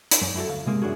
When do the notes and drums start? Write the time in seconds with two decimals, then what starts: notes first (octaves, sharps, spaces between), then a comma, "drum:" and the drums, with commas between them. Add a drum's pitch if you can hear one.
0.11 drum: hi-hat
0.21 F#2
0.36 E4 F#4 G4 A4
0.48 D2 F5
0.66 C3 G#3 A#3
0.82 F#2 D4 E4 F#4 G#4